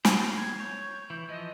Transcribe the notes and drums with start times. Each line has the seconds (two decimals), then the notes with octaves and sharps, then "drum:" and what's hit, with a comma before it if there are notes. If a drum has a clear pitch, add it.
0.05 C5 G5, drum: snare
0.37 G#6
0.60 C#5 G6
1.10 E3
1.29 E3 F3 D#5